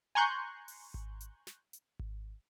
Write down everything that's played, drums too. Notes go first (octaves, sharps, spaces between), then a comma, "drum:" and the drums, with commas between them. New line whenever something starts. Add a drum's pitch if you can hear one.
G#5 A#5 C6 C#6 F#6 G6
drum: open hi-hat
drum: kick G#1
drum: hi-hat
drum: snare
drum: hi-hat
drum: kick G#1